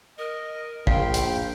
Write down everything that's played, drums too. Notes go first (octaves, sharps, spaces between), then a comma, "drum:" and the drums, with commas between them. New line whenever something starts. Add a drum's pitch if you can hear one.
A#4 D#5
A#1 F5 G5 C6, drum: kick
drum: hi-hat